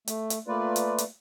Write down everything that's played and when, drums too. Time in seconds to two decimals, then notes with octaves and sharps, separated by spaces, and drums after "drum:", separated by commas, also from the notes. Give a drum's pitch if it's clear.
0.08 A3, drum: hi-hat
0.30 drum: hi-hat
0.47 A3 A#3 F4 B4 D5
0.76 drum: hi-hat
0.98 drum: hi-hat